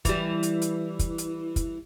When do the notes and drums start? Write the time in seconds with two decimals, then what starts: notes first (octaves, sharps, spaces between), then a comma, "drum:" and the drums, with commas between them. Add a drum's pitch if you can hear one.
0.05 E3 G3, drum: kick, hi-hat
0.43 drum: hi-hat
0.62 drum: hi-hat
0.99 drum: kick, hi-hat
1.18 drum: hi-hat
1.56 drum: kick, hi-hat